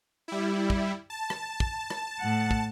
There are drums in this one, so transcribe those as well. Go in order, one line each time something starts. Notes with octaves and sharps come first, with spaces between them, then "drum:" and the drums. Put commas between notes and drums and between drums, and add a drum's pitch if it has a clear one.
G3 E4
drum: kick
A5
drum: rim click
drum: kick
drum: rim click
A2 F#5
drum: kick